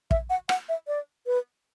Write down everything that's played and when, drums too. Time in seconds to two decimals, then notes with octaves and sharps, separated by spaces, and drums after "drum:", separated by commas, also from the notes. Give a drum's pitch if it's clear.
0.11 E5, drum: kick
0.30 F#5
0.49 F#5, drum: rim click
0.69 E5
0.88 D5
1.27 B4